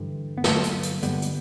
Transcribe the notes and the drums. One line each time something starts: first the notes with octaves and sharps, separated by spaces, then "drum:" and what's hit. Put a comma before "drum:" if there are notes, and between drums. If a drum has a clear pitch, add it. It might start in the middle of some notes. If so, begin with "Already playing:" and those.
Already playing: G2 D3 E3 G3
B3
G2 D3 F#3 A#3, drum: snare
drum: hi-hat
drum: hi-hat
G2 D3 G3 B3, drum: hi-hat
drum: hi-hat